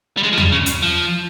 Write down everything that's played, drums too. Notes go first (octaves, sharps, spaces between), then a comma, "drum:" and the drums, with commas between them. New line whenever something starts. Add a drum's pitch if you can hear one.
G3
G#3
F3
G3, drum: tom E2
C#3
drum: hi-hat
F3